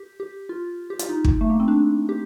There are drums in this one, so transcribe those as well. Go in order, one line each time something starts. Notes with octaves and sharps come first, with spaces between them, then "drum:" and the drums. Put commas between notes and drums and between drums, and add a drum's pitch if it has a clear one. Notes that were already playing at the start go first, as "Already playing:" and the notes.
Already playing: G4
G4
F4
G4
F4, drum: hi-hat
D#4
drum: kick
A3
A#3
C4
D4
G4